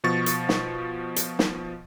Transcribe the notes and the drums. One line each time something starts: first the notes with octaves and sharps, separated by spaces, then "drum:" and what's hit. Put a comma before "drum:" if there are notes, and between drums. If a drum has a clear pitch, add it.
B2 F3 C#6 A6
drum: hi-hat
drum: snare
drum: hi-hat
drum: snare